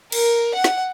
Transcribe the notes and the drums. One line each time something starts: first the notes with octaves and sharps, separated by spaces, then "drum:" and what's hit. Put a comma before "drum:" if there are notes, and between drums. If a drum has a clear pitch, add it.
A#4, drum: cymbal
F#5
drum: snare